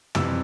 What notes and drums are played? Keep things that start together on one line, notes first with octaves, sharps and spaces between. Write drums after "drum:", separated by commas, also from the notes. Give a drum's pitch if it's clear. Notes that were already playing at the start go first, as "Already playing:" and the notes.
F2 C3 E3 G3 E6, drum: tom